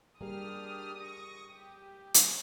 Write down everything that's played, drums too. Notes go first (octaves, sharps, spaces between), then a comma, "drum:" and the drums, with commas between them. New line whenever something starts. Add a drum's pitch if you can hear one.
G3 A#3 D4 G4 G#4 D#6 F6
C#6 A#6
G4
drum: hi-hat